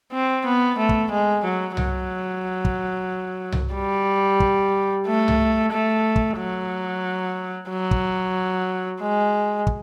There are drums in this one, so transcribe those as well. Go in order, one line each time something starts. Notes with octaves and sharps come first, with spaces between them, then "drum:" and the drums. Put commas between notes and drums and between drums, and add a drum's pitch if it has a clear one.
C4
B3
A3
drum: kick
G#3
F#3
F#3, drum: tom C2
drum: kick
drum: tom C2
G3
drum: kick
A3
drum: tom C2
A3
drum: kick
F#3
F#3
drum: kick
G#3
drum: kick